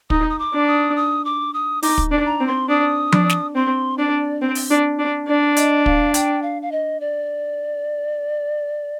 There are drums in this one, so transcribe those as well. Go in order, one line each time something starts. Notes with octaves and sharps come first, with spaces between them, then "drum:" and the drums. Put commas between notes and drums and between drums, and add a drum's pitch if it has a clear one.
D#4 D#6, drum: kick
D#6
D6
D4
D#6
D#6
D6
D#6
D#4 D6, drum: open hi-hat
drum: kick
D4
A#5
C4
C6
D4 D#6
D4, drum: tom F3
drum: snare
C4 C6
D4 D5
C4
drum: open hi-hat
D4
D4
D4 D5
D#5, drum: hi-hat
F5, drum: kick
G5, drum: hi-hat
F5
F5
D#5
D5